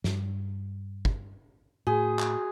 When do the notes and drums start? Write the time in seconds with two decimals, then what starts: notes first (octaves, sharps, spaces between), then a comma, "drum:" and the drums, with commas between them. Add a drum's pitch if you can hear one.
0.04 G2, drum: snare
1.05 drum: kick
1.87 A2 F#4 G#4
2.19 drum: clap